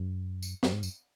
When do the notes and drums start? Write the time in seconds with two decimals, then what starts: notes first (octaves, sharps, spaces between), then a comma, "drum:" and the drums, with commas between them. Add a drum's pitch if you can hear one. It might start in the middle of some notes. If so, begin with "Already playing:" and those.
Already playing: F#2
0.43 drum: tambourine
0.63 F#2, drum: snare
0.73 G#2
0.83 F#2, drum: tambourine